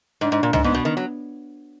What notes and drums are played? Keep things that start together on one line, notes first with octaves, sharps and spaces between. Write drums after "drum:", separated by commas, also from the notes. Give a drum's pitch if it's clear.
G#2 D4
G#2
A#2
G#2, drum: tom
G#2 B3
B2
D#3
F#3